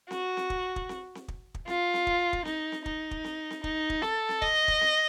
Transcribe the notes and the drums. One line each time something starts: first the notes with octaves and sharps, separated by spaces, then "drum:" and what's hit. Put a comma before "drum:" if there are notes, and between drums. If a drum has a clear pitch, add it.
F#4, drum: snare C4
drum: snare C4
drum: kick
drum: kick
drum: snare C4
drum: snare C4
drum: kick
drum: kick
F4, drum: snare C4
drum: snare C4
drum: kick
drum: kick
D#4, drum: snare C4
drum: snare C4
D#4, drum: kick
drum: kick
drum: snare C4
drum: snare C4
D#4, drum: kick
drum: kick
A4, drum: snare C4
drum: snare C4
D#5, drum: kick
drum: kick
drum: snare C4